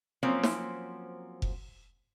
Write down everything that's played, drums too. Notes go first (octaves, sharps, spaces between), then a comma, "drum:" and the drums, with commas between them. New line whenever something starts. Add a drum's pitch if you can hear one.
F3 F#3 A#3 C4 C#4
drum: snare
drum: kick F1